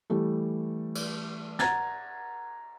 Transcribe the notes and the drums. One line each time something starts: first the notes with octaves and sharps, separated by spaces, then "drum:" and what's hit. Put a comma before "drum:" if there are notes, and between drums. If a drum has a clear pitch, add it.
E3 G3 A3 A4
drum: cymbal
F#5 A#5 G#6 A6, drum: snare